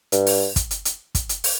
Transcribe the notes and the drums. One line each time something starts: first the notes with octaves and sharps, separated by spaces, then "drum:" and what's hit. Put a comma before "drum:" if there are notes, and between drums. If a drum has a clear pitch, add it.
G2, drum: hi-hat
drum: open hi-hat
drum: kick, hi-hat
drum: hi-hat
drum: hi-hat
drum: kick, hi-hat
drum: hi-hat
drum: open hi-hat